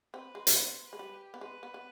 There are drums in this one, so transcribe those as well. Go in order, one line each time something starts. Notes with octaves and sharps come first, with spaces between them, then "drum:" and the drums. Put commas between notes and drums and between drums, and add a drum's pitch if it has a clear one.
C4 B4
G#3
drum: hi-hat
B3 C5
B4
G#3
G3
G4
B3
G#3 B4
B3
B3